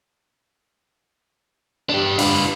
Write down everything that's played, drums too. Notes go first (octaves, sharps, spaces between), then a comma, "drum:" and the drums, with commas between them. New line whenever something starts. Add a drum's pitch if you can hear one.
D4 G4
F4 B4, drum: open hi-hat